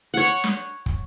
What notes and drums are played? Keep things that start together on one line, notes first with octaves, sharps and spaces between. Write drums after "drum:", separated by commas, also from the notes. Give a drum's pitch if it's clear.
C#5 F#5
drum: snare
drum: kick